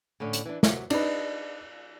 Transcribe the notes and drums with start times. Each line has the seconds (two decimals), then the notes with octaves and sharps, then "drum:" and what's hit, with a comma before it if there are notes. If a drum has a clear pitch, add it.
0.20 A2 D3 C#4
0.33 drum: hi-hat
0.45 E3 D4
0.63 C3 F#3, drum: snare
0.90 D4 D#4 B4 D5, drum: cymbal